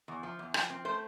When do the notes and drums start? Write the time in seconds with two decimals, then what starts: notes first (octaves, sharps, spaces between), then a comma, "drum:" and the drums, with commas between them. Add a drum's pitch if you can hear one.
0.08 E2
0.23 F3
0.39 E2
0.54 F3, drum: rim click
0.70 C4
0.85 A3 C5